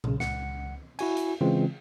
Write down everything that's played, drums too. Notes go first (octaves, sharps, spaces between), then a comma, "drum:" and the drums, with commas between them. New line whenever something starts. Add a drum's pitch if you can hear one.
B1 C#3, drum: tom A#2
C#2 F#5 C#7, drum: snare
E4 F#4 G#5, drum: cymbal
drum: hi-hat
C#3 E3 G#3 C4 F4